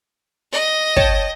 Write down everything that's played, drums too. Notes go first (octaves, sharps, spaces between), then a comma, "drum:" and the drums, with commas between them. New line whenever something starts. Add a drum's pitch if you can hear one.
D#5
C#5 G5 A5, drum: kick